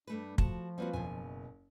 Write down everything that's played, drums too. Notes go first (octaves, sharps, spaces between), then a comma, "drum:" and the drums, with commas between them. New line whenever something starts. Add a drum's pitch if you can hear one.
G2 A3 D4 B4
F3 F#4 A5, drum: kick
G3 A#3 C4 F4 F#4 B4
F#1 B2 G#5